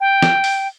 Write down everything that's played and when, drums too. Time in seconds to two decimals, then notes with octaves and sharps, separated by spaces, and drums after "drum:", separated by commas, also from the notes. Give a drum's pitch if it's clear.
0.01 G5
0.22 drum: snare
0.44 drum: open hi-hat